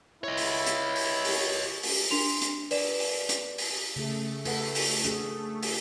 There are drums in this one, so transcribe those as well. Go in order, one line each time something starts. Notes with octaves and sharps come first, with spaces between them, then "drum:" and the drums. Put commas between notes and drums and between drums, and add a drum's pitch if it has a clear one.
E4 C#5 D#5
drum: open hi-hat
drum: hi-hat
drum: open hi-hat
drum: open hi-hat
drum: open hi-hat
D4 A#4 C6 F7, drum: open hi-hat
drum: hi-hat
B4 D5 E7, drum: open hi-hat
drum: open hi-hat
drum: hi-hat
drum: open hi-hat
C#3 A3 G#4
A4 B4 F#5, drum: open hi-hat
drum: open hi-hat
D4 F#4 G#4, drum: hi-hat
drum: open hi-hat